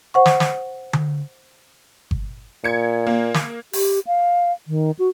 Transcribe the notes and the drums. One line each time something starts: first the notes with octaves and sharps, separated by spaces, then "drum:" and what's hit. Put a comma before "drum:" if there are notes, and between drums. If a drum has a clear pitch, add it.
C5 F#5 C#6
drum: snare
drum: snare
drum: tom D3
drum: kick G1
A#2 G#6 C#7
A#3
drum: snare
G4, drum: open hi-hat
F5
D#3
F#4